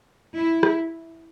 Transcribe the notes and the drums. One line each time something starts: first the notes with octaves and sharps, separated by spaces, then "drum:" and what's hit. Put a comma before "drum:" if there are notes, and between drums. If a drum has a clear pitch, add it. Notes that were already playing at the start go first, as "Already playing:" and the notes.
E4
drum: rim click